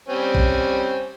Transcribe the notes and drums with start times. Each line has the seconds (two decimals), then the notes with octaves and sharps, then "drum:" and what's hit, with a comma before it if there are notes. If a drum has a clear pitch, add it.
0.08 G3 C4 C#4
0.35 drum: kick A#1